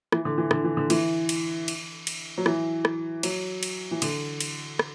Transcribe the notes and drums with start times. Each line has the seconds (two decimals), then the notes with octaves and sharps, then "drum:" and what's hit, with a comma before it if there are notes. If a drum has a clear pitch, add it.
0.12 E3, drum: rim click
0.25 D3
0.38 E3
0.51 D3, drum: rim click
0.64 E3
0.77 D3
0.90 E3, drum: cymbal
1.29 drum: cymbal
1.68 drum: cymbal
2.07 drum: cymbal
2.38 F#3
2.46 E3, drum: rim click
2.85 drum: rim click
3.23 F#3, drum: cymbal
3.63 drum: cymbal
3.91 E3
4.02 D3, drum: cymbal
4.40 drum: cymbal
4.79 drum: rim click